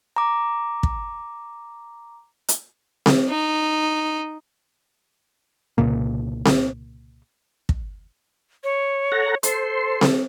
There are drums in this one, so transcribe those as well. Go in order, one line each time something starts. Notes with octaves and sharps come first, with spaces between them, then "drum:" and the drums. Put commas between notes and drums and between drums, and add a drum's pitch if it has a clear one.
A#5 D6
drum: kick
drum: hi-hat
drum: snare C4
D#4
C2 A#2 C#3 A#3
drum: snare C4
drum: kick
C#5
A4 F#5 A#5
A4 C5 C6, drum: hi-hat
drum: snare C4